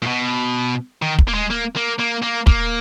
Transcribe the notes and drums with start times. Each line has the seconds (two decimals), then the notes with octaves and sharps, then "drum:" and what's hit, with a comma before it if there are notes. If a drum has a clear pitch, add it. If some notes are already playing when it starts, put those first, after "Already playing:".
0.02 A#2
0.07 B2
1.02 D#3
1.19 drum: kick
1.28 A#3
1.34 G#3
1.50 A#3
1.76 A#3
1.99 A#3
2.22 A#3
2.47 A#3, drum: kick